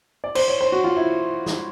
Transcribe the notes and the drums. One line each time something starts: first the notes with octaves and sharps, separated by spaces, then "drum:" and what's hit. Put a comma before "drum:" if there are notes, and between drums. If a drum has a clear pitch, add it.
D5
C5, drum: cymbal
C#5
C5
F#4
F4
E4
drum: snare